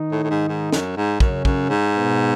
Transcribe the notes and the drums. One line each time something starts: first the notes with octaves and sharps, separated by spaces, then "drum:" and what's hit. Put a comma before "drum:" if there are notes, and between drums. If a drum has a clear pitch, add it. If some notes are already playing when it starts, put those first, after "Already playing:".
Already playing: D#3 D#4
A2
A2
G#2
G#2
F#2, drum: snare
G#2
F#2 C#3 C#4, drum: kick
F#2, drum: kick
G#2
B2 B3